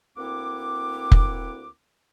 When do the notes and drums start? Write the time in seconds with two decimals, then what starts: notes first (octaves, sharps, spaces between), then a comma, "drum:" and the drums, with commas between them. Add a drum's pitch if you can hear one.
0.17 D2 A#3 C4 E4 F#5 D6
1.12 drum: kick F1